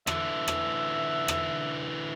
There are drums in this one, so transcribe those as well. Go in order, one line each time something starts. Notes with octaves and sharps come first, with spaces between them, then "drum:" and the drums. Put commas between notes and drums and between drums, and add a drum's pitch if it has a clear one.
D3 E3 E5, drum: rim click
drum: rim click
drum: rim click